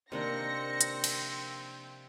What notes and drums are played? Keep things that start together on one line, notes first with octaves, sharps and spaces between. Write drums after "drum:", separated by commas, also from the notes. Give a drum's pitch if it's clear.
C3 D#3 A#3 C4 D4 A#6 C#7
drum: hi-hat
F3, drum: cymbal